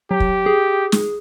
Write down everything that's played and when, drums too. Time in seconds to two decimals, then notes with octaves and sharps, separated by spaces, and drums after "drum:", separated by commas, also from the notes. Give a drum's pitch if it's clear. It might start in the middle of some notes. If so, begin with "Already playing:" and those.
0.11 F#3 G4
0.20 drum: kick
0.46 G#4
0.92 drum: snare